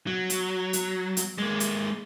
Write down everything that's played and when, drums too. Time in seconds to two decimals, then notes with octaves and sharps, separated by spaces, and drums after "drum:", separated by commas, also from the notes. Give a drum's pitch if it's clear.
0.07 F#3
0.30 drum: hi-hat
0.73 drum: hi-hat
1.17 drum: hi-hat
1.38 G#3 A#3
1.60 drum: hi-hat